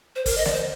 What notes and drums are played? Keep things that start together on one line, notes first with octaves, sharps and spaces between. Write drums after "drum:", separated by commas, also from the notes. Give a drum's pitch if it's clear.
C5
A#4, drum: kick, open hi-hat
D#5
D5, drum: snare
C5